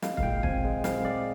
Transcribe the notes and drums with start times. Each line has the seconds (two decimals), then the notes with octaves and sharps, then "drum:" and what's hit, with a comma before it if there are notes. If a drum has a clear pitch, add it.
0.02 G#3 F5, drum: snare
0.17 F5, drum: kick
0.23 A#2 G5
0.43 C4 G#5, drum: kick
0.64 G#3
0.84 C4 F5, drum: snare
1.05 G#3 D5